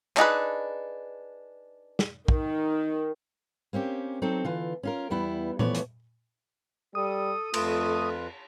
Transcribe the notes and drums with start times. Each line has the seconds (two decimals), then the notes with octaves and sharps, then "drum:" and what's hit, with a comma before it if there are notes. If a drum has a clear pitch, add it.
0.17 D4 D#4 G#4 B4, drum: clap
1.99 drum: snare
2.28 D#3, drum: kick
3.73 A#3 C4 C#4 G4
4.22 F#3 C4 D#4 A4
4.45 D3 E3 F4
4.83 C#4 F4 A#4
5.10 E2 G3 B3 E4
5.59 E3 F3 A3 B3 C#5 D5, drum: tom A#2
5.75 drum: hi-hat
6.95 G3 A4 D#6
7.54 F2 A3 F4 B4, drum: cymbal